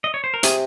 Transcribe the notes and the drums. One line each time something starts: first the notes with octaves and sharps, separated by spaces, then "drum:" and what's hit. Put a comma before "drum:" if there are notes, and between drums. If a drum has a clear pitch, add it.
D#5
C#5
C5
A#4
C3 G#4, drum: hi-hat